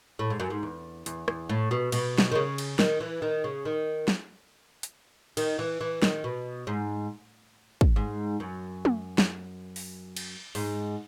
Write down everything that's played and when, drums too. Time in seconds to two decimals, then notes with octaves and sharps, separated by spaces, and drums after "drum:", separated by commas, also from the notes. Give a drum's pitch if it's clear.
0.19 A2
0.30 G#2
0.40 F#2
0.50 G#2
0.63 E2
1.06 E2, drum: hi-hat
1.28 E2, drum: rim click
1.49 A2
1.71 B2
1.92 B2, drum: cymbal
2.18 drum: snare
2.32 D#3
2.35 C#3
2.58 drum: cymbal
2.79 D#3, drum: snare
3.00 E3
3.22 D#3
3.44 C#3
3.65 D#3
4.08 drum: snare
4.83 drum: hi-hat
5.37 D#3, drum: cymbal
5.59 E3
5.81 E3
6.02 D#3, drum: snare
6.24 B2
6.67 G#2
7.81 drum: kick
7.96 G#2
8.40 F#2
8.85 drum: tom
9.18 drum: snare
9.76 drum: open hi-hat
10.17 drum: cymbal
10.55 G#2, drum: open hi-hat